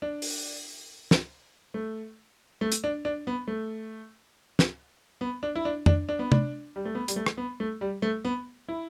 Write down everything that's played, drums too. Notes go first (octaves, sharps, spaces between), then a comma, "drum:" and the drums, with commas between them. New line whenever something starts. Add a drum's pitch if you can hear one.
D4
drum: open hi-hat
drum: snare
A3
A3
drum: hi-hat
D4
D4
B3
A3
drum: snare
B3
D4
E4
D4
D4, drum: tom F2
D4
B3
D4, drum: tom C3
G3
A3
B3
G3, drum: hi-hat
A3
drum: rim click
B3
A3
G3
A3
B3
E4